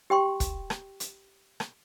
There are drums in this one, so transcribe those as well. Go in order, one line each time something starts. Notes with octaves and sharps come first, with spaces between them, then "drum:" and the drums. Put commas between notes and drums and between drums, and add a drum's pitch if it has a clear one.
G4 G5 C6 C#6
drum: kick, hi-hat
drum: rim click
drum: hi-hat
drum: rim click